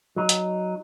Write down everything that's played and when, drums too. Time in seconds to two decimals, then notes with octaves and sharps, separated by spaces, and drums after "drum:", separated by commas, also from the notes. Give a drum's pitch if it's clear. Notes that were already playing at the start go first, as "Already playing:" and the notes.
0.16 F#3 D#4
0.29 drum: hi-hat